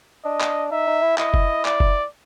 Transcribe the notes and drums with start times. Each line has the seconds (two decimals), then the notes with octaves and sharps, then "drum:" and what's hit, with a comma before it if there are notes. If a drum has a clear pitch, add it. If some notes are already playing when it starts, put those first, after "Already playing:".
0.24 D4 D#5
0.41 drum: clap
0.71 D#4 E5
0.88 D#4
1.02 E4
1.18 E4 D#5, drum: clap
1.34 drum: kick F#1
1.65 D5, drum: clap
1.80 drum: kick F#1